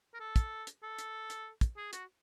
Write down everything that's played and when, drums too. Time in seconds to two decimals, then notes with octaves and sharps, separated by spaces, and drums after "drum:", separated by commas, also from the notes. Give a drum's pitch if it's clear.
0.14 A#4
0.20 A4
0.36 drum: kick, hi-hat
0.67 drum: hi-hat
0.83 A4
0.98 drum: hi-hat
1.30 drum: hi-hat
1.61 drum: kick, hi-hat
1.77 G#4
1.93 F#4, drum: hi-hat